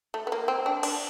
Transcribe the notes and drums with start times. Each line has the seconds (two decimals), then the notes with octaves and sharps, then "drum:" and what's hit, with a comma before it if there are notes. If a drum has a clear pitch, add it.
0.14 A3
0.27 B3
0.32 A#3
0.48 C4
0.66 D4
0.83 D4, drum: cymbal